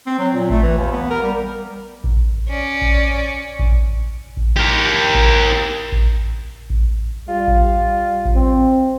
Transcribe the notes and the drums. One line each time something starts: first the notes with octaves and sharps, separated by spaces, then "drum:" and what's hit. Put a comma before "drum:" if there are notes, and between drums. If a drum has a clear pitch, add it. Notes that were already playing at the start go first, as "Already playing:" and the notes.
C4
F#3
A#2
A3, drum: kick A1
E3
D#2
B3
A#4
G3
drum: kick A1
C#4 D5
drum: kick A1
drum: kick A1
drum: kick A1
G4 A#4
drum: kick A1
drum: kick A1
drum: kick A1
G3 F4
drum: kick A1
drum: kick A1
C4